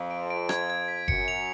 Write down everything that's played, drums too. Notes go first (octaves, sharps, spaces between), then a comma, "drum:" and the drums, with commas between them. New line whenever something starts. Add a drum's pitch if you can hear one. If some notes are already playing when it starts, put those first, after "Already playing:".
Already playing: F2
D7
D7
G#6, drum: rim click
G#6
B6
F#2 C#7, drum: kick F#1
F7